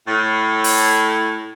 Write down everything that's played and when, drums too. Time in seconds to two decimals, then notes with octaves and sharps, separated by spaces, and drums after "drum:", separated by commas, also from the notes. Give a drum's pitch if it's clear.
0.07 A2
0.64 drum: open hi-hat